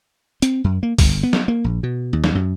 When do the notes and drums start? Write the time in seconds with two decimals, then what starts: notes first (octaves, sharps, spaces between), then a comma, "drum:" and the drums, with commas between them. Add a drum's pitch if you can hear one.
0.42 C4, drum: hi-hat
0.64 F#2
0.83 A#3
0.98 G1, drum: kick, open hi-hat
1.23 B3
1.33 drum: snare
1.48 A#3
1.64 A#1
1.83 B2
2.13 D#2
2.24 drum: snare
2.35 F#2